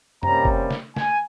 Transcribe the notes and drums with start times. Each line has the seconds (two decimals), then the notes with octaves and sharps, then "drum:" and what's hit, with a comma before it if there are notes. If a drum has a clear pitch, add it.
0.23 C3 G3 A#3 C#4 A#5, drum: tom F#2
0.45 drum: kick
0.71 drum: snare
0.96 G#5, drum: snare